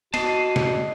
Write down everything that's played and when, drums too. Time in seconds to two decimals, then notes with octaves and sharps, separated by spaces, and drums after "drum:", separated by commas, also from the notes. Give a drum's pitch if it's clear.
0.14 B3 F#4 D#5 A5 C7, drum: cymbal
0.56 drum: snare